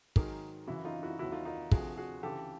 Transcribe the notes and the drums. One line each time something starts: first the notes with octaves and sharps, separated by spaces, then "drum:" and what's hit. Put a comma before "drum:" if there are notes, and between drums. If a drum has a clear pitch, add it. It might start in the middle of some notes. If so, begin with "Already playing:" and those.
G#2 D#3 F#3 G#4 A#4, drum: kick
F#2 C#3 E3 E4 F#4
D#4 F4
E4 F#4
D#2 D#3 F#3 E4 F#4
D#4 F4
D#4 F4
D2 C3 F3 F#4 G#4, drum: kick
F#4 G#4
D2 C#3 E3 G4 A4